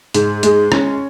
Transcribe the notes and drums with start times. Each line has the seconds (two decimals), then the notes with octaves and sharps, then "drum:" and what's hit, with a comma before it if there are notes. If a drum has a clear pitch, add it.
0.14 G#2, drum: hi-hat
0.43 G#3, drum: hi-hat
0.72 C#4, drum: rim click